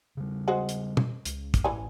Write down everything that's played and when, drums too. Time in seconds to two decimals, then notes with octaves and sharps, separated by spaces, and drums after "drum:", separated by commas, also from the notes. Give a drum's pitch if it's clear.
0.17 C#3 G3
0.48 G#3 F#4 C5
0.69 drum: hi-hat
0.97 drum: tom
1.25 C#2, drum: hi-hat
1.54 drum: kick, hi-hat
1.64 A1 E3 G#5